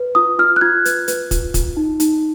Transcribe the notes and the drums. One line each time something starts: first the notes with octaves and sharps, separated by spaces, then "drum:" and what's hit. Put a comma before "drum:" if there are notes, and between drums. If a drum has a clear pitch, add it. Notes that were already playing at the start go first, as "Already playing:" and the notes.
Already playing: B4
F4 D#6
F4 F6
F#6
F4 G#6
B4, drum: hi-hat
B4, drum: hi-hat
F4, drum: kick, hi-hat
F4, drum: kick, hi-hat
D#4
D#4, drum: hi-hat